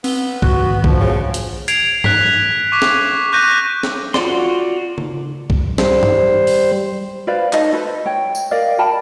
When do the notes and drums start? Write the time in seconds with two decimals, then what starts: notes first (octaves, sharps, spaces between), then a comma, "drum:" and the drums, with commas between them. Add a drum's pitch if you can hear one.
0.04 B3 C4 G7, drum: open hi-hat
0.42 G#2 F#4 F#6, drum: kick B1
0.61 D#3
0.84 D2 F3, drum: kick B1
1.01 C#3
1.34 drum: hi-hat
1.68 G#6 C7 D7 F7, drum: hi-hat
2.04 F#6 B6, drum: tom G2
2.72 C#6 D6 B6
2.82 drum: snare
3.32 C#6 F#6 G6 A#6 D#7
3.83 drum: snare
4.14 F4 F#4 D5 C6, drum: snare
4.98 drum: tom C#3
5.50 drum: kick B1
5.78 G3 C5, drum: snare
6.03 drum: tom G2
6.47 drum: open hi-hat
7.27 B4 C5 D5 F5
7.53 D#4 A4 C#5 D#5, drum: clap
7.73 A4 B4 C5
8.06 C#5 G5
8.35 drum: tambourine
8.51 A#4 D5 D#5 F5
8.78 A#4 G5 A5 B5